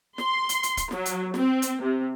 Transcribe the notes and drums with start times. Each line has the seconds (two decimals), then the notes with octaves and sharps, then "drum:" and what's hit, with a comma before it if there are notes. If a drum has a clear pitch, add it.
0.18 C6, drum: snare
0.49 drum: hi-hat
0.63 drum: hi-hat
0.77 drum: kick, hi-hat
0.91 F#3, drum: snare
1.06 drum: hi-hat
1.34 C4, drum: snare
1.62 drum: hi-hat
1.82 C3